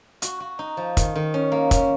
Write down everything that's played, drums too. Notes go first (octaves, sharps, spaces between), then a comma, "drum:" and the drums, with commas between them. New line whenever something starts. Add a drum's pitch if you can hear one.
F#4, drum: hi-hat
F#4
D#4
F3
D#3, drum: kick, hi-hat
D#3
C#4
A#3
C#4, drum: kick, hi-hat